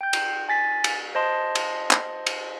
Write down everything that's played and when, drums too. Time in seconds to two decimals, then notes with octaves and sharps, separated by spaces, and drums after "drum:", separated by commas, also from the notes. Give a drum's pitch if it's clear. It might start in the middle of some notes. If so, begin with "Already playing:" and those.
0.01 G5 G6
0.13 drum: cymbal
0.49 G#5 A6 B6
0.84 drum: cymbal
1.15 C5 D#5 A5 C6
1.55 drum: cymbal
1.91 drum: clap
2.27 drum: cymbal